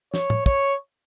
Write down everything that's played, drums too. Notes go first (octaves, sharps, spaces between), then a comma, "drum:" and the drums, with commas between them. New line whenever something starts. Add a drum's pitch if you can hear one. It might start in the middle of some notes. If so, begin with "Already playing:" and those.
C#5, drum: snare
drum: tom
C#5, drum: kick